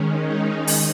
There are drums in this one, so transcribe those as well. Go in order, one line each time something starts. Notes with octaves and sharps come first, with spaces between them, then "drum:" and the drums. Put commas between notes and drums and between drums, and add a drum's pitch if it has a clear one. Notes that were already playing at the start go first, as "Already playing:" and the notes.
Already playing: D#3 G#3 C#4
D#4
drum: open hi-hat